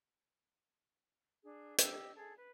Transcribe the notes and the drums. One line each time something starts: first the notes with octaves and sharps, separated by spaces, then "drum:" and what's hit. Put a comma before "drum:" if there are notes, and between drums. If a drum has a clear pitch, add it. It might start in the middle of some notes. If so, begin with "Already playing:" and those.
D4 G#4
G4 D#5 E6, drum: hi-hat
G#4 A4
B4